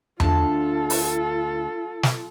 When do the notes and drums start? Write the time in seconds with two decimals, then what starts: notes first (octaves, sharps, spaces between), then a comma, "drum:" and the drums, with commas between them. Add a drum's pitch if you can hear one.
0.20 D2 D4 F4 A4 A5, drum: tom E2
0.90 drum: open hi-hat
2.03 drum: snare